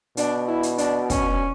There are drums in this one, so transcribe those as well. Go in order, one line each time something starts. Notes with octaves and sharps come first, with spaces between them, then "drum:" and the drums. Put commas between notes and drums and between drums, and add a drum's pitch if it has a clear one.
B2 D4, drum: hi-hat
E4
drum: hi-hat
D4, drum: hi-hat
C#4, drum: kick, hi-hat